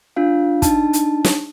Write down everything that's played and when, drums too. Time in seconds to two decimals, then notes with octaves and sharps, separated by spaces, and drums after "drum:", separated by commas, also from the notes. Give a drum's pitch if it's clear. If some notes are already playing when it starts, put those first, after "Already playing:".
0.16 D4 F4 F5
0.62 D4 D#4 A5, drum: kick, hi-hat
0.93 drum: hi-hat
1.24 drum: snare